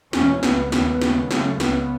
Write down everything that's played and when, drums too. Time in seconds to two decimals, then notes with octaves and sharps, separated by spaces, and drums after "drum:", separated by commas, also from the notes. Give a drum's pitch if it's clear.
0.13 E2 B2 C#4, drum: snare
0.43 C#2 C#3 B3, drum: snare
0.72 D#2 C#3, drum: snare
1.01 D#2 C#3, drum: snare
1.31 F#2 C#3 A3, drum: snare
1.60 C#2 C#3 B3, drum: snare